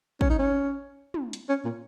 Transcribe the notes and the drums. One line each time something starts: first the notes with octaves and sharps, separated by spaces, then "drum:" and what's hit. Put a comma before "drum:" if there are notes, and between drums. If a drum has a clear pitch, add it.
C#4, drum: kick
D#4
C#4
drum: tom
drum: hi-hat
C#4
A#2